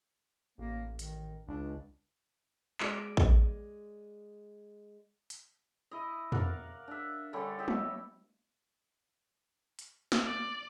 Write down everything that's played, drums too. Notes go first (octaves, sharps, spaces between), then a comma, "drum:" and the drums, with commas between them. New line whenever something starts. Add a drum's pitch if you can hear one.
A1 A#3
D#3, drum: hi-hat
C#2 D4
G#3 D5, drum: clap
drum: kick
drum: hi-hat
E4 D#5
A#4 D5 F5 F#5, drum: tom
D4 E5
D3 G3 C#4 A4
G4 D#5 E5
drum: tom
drum: hi-hat
drum: snare
D5